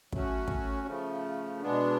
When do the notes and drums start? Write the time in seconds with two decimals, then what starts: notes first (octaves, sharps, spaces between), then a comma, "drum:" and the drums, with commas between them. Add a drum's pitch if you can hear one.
0.12 F#3 A3 C#4 F#4, drum: kick
0.48 drum: kick
0.87 C#3 F3 A3
1.62 B2 G#3 B3 D4